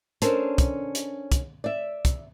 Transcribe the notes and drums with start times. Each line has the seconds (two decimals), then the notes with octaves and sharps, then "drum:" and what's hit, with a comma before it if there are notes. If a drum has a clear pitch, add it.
0.22 C#4 D4 A4 A#4 C5, drum: hi-hat
0.58 drum: kick, hi-hat
0.95 drum: hi-hat
1.32 drum: kick, hi-hat
1.64 D5 E5
2.05 drum: kick, hi-hat